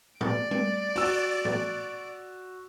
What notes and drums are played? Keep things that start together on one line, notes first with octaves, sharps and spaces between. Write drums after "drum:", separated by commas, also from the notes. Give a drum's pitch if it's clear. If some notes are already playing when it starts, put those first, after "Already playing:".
D5 D7, drum: tom A2
drum: tom G3
F#4 E6, drum: open hi-hat
drum: tom A2